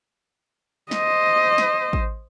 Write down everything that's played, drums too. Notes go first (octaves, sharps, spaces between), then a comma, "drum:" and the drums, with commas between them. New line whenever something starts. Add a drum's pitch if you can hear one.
C5 D#5, drum: snare
drum: snare
drum: kick A1